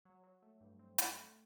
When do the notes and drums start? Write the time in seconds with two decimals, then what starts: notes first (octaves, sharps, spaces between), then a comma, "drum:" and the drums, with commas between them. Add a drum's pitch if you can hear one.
0.05 F#3
0.24 F#3
0.42 A3
0.61 G2
0.79 C4
0.98 A3, drum: hi-hat
1.17 A3